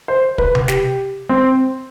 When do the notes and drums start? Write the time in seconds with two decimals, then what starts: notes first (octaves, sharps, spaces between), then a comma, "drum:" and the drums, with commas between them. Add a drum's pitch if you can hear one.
0.08 C5
0.38 B4, drum: kick
0.55 drum: tom C3
0.68 G4, drum: snare
1.29 C4